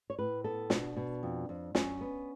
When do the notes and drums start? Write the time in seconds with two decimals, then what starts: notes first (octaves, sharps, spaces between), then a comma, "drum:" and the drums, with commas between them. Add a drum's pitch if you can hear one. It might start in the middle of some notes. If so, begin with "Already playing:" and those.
0.10 C#5
0.19 A2 B4
0.44 B3 A4
0.70 B2 D4, drum: snare
0.97 B2
1.23 F2
1.49 F2
1.75 F#2 C#4, drum: snare
2.01 B3